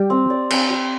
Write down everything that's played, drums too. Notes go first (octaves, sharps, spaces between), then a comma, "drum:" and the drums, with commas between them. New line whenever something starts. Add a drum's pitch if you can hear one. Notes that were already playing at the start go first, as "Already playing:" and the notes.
Already playing: G3 G4
C4
D5
C4, drum: cymbal
G4